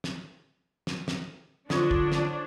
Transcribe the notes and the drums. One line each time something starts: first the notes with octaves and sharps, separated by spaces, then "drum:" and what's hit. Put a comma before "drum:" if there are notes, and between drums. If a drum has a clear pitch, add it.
drum: snare
drum: snare
drum: snare
D3 D4 F4 C5 C#5 D#5, drum: snare
drum: kick
drum: snare